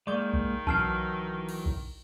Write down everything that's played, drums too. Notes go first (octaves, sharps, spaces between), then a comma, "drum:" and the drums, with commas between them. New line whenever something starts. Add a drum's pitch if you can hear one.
D#3 G#3 A#3 D5 C#6 G6
drum: kick A#1
B1 E3 F#3 A5 E6 F6 C7 D7, drum: kick A#1
drum: cymbal
drum: kick A#1